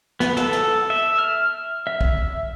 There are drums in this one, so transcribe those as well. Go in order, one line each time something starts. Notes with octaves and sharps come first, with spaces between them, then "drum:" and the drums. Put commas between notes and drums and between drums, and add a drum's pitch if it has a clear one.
B3, drum: snare
A4, drum: snare
drum: snare
E5
F6
E5
drum: kick